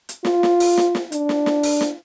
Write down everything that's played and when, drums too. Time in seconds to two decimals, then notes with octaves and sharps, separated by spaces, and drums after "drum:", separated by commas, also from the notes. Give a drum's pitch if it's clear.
0.09 drum: hi-hat
0.25 F4, drum: snare
0.43 drum: snare
0.60 drum: open hi-hat
0.77 drum: snare
0.95 drum: snare
1.12 D4, drum: hi-hat
1.29 drum: snare
1.46 drum: snare
1.63 drum: open hi-hat
1.81 drum: snare